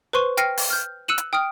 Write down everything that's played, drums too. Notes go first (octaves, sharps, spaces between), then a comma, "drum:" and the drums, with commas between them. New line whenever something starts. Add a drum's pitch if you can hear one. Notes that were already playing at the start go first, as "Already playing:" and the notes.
B4 C5 C6 C#6 D#7
G5 F6 A#6 C7 C#7 D#7, drum: hi-hat
drum: open hi-hat
F6 G6
E6 F#6 C#7 D#7 E7 F#7
drum: hi-hat
G5 D#6 F6 D7